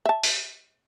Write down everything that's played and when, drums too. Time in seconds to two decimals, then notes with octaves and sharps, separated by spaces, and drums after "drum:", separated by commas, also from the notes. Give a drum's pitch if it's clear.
0.05 E5 A5
0.23 drum: open hi-hat